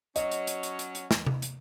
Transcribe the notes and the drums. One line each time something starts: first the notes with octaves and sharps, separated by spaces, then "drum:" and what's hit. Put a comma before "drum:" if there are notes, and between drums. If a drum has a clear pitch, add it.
F#3 C#4 D#5, drum: hi-hat
drum: hi-hat
drum: hi-hat
drum: hi-hat
drum: hi-hat
drum: hi-hat
drum: snare
drum: tom C3
drum: hi-hat